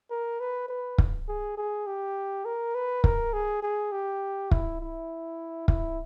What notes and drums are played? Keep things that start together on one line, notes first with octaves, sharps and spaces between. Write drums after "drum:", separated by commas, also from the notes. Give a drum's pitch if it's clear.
A#4
B4
B4
drum: kick
G#4
G#4
G4
A#4
B4
A#4, drum: kick
G#4
G#4
G4
E4, drum: kick
E4
E4, drum: kick